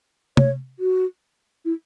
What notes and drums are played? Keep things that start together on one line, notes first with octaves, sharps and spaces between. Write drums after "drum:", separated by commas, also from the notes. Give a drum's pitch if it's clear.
C#5, drum: tom C3
F#4
E4